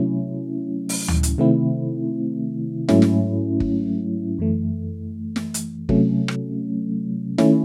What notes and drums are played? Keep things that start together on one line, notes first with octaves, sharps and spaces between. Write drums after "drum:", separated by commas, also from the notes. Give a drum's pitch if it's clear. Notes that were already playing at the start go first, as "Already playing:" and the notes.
Already playing: C3 F#3 A3 C#4 E4
drum: open hi-hat
drum: tom D2
drum: hi-hat
C3 D#3 A3 C4 E4
G#2 F#3 A3 C#4 E4, drum: snare
drum: snare
drum: kick
F#2 E3 A3
drum: snare
drum: hi-hat
C3 F#3 A3 C#4, drum: kick
drum: rim click
D#3 A3 C#4 E4, drum: snare